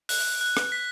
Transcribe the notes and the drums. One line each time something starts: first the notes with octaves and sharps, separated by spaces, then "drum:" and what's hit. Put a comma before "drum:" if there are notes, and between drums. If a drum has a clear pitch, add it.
F#6, drum: open hi-hat
F#6
drum: rim click
B6